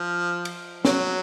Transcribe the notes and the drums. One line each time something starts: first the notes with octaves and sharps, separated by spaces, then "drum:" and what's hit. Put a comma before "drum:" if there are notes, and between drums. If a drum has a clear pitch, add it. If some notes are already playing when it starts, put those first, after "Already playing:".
Already playing: F3
drum: cymbal
F#3, drum: snare